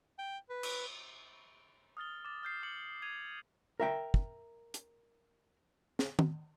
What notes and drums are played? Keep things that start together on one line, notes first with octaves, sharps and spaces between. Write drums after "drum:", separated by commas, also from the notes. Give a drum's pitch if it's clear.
G5
B4
drum: cymbal
D#6 F6 A6 G7
D6 A6
F6 G6 C7
D6 C#7 F#7
G#6 D#7 F7
A#4 E5 G5
drum: kick
drum: hi-hat
drum: snare
drum: tom